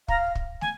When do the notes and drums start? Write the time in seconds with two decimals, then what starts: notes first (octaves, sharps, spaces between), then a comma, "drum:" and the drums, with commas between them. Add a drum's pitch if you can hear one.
0.08 F5 A#5, drum: kick
0.35 drum: kick
0.61 G#5, drum: snare